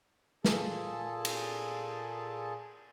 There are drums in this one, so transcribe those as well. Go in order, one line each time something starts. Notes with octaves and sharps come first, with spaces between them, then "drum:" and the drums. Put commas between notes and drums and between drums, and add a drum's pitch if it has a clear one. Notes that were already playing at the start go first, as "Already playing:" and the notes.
A#2 G#4 A4 A5, drum: snare
drum: cymbal